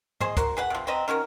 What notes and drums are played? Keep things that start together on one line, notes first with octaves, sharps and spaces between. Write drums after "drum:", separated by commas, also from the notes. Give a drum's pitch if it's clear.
G#4 C5 D#5, drum: tom G#2
F#4 A#4 C5, drum: kick, hi-hat
G#4 B4 F#5
C3 F3
C4 B4 D#5 A#5
D#3 C#4 F#4 A#4